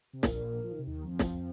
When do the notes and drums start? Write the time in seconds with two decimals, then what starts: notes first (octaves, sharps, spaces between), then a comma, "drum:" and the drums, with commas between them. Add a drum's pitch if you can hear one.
0.13 C3
0.23 A#1 A#2 A#4, drum: snare
0.64 F3
0.71 D#3
0.79 C3
0.87 D#2 D#3
1.04 F2 F3 C4
1.19 drum: snare